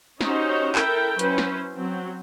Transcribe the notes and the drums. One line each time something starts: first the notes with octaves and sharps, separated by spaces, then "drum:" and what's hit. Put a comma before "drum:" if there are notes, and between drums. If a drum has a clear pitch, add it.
C#4 D#4 F#4 G4 C5 C#5, drum: snare
E4 A4 A#4 E5 G5, drum: clap
F#3 C#4 E4 B4 C5, drum: hi-hat
drum: snare
F#3 C4